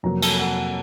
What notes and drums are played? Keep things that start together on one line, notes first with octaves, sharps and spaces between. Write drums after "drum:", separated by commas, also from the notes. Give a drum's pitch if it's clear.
F2 C3 F#3 A#3 A#5
A5, drum: cymbal
F#5
F#5